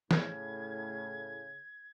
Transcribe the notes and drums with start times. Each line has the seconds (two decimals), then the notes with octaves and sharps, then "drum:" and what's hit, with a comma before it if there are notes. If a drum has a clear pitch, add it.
0.11 A2 C#3 G#6, drum: snare